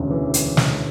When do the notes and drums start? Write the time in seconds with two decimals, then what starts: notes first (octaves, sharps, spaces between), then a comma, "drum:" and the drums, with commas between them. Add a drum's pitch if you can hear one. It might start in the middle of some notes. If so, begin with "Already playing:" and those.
Already playing: E1 D2 C#3
0.10 E3
0.34 drum: hi-hat
0.57 drum: snare